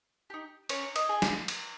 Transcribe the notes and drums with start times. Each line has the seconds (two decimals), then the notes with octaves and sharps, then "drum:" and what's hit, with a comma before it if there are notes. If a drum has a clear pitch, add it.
0.30 D#4 G4
0.69 C#4 C#5, drum: cymbal
0.96 D#5, drum: cymbal
1.09 G#4
1.22 drum: snare
1.48 drum: cymbal